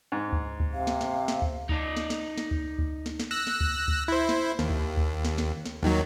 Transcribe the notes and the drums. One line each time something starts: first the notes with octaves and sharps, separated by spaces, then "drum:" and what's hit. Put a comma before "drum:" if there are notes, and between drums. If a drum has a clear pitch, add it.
G#2
drum: kick D2
drum: kick D2
C3 F5
drum: snare
drum: snare
drum: snare
drum: kick D2
D#4 D5, drum: kick D2
drum: snare
drum: snare
drum: snare
drum: kick D2
drum: kick D2
drum: snare
drum: snare
E6 F#6 A#6
drum: snare
drum: kick D2
drum: kick D2
E4 C5
drum: snare
D#2, drum: snare
drum: kick D2
drum: kick D2
drum: snare
drum: snare
drum: snare
D#2 D#3 F#3